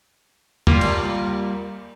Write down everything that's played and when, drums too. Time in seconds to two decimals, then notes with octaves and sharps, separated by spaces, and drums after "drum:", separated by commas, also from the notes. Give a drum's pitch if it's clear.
0.67 G3 A#3 F4, drum: tom
0.81 drum: cymbal